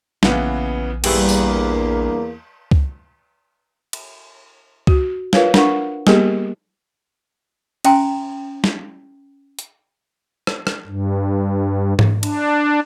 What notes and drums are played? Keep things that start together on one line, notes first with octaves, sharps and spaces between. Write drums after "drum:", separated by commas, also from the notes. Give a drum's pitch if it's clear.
A#1 C#3 E3 A#3 B3, drum: snare
E2 G2 A#3 E4 G4 G#4 B4, drum: cymbal
drum: tambourine
drum: kick C#2
drum: cymbal
F#4, drum: kick C#2
F4 A#4 B4 C#5 F5, drum: snare
D4 A#4 F#5 C#6, drum: snare
G3 A#3 B3 G4 G#4 A#4, drum: snare
C#4 E5 G5 G#5 A#5 C6, drum: cymbal
drum: snare
drum: hi-hat
drum: rim click
drum: rim click
G2
drum: tom G#2
D4, drum: cymbal